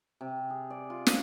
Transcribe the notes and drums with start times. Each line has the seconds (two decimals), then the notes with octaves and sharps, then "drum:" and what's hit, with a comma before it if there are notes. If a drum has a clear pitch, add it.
0.21 C3
0.50 G#4
0.70 D5
0.90 F4
1.06 F5, drum: snare